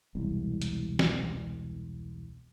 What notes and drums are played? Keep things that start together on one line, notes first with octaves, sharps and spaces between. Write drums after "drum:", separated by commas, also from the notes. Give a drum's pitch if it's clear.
E1 C2
drum: hi-hat
drum: snare